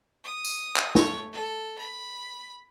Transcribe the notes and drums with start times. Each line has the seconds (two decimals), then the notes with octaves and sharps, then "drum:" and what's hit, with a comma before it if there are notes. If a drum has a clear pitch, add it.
0.24 D#6
0.44 drum: tambourine
0.76 drum: clap
0.95 A3 C#5, drum: snare
1.32 A4
1.78 B5